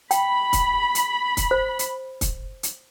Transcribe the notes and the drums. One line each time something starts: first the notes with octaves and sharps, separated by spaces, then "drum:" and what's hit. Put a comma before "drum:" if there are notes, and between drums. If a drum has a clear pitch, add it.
G5 B5, drum: hi-hat
drum: kick, hi-hat
drum: hi-hat
drum: kick, hi-hat
C5
drum: hi-hat
drum: kick, hi-hat
drum: hi-hat